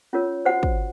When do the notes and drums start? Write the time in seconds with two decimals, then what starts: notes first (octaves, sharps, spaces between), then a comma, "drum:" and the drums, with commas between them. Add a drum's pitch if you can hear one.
0.13 C#4 F4 A#4 C#5
0.45 F#4 C5 F#5
0.63 drum: kick